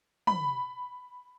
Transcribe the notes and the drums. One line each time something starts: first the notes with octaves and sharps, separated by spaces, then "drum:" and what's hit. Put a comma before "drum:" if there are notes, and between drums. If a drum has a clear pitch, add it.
B5, drum: tom